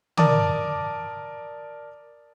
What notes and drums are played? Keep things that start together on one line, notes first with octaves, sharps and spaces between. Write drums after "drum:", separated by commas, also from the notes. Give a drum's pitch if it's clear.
A#4 D5 A5 D6 D#6, drum: tom